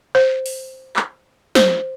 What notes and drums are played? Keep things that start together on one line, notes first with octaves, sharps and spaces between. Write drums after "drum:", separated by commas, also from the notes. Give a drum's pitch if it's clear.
C5
drum: open hi-hat
drum: clap
C5, drum: snare